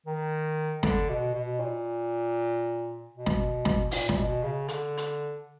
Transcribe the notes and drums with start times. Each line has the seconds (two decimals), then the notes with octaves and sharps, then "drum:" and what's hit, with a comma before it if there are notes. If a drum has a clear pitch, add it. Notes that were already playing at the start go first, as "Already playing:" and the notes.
0.06 D#3
0.83 D3, drum: snare
1.09 B2
1.34 B2
1.60 A#2
3.14 B2
3.26 drum: snare
3.65 drum: snare
3.91 A#2, drum: open hi-hat
4.09 A#2, drum: snare
4.18 B2
4.43 C#3
4.68 D3, drum: hi-hat
4.97 drum: hi-hat